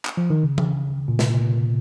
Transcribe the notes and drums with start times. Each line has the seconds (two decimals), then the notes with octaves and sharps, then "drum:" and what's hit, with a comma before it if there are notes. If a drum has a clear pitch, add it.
0.05 drum: clap
0.17 F3
0.30 D#3
0.43 C#3
0.58 drum: tom E3
1.08 A#2
1.19 C3, drum: snare
1.30 A#2